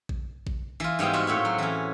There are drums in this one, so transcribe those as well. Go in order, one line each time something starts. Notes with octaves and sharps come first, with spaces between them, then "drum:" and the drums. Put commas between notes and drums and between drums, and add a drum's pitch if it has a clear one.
drum: kick A1
drum: kick A1
E3 F4
G#2 G3 G#3 B3 C4
F4 F#4 E5 B5
A2 C4 C#5
F#3
E3 C#4